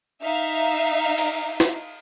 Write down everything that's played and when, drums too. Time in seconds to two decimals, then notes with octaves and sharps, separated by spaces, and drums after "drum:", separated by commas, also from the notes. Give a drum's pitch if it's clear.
0.22 D#4 E5 F5
1.18 drum: cymbal
1.60 drum: snare E4